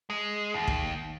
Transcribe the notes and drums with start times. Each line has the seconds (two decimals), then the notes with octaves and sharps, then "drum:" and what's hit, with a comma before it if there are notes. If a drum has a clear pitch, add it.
0.10 G#3
0.54 D#2
0.67 drum: kick